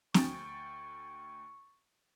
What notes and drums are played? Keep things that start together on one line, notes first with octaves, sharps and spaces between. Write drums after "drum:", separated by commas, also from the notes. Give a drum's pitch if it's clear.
D2 F3 F#4 G5 G#5 C#6 A6, drum: snare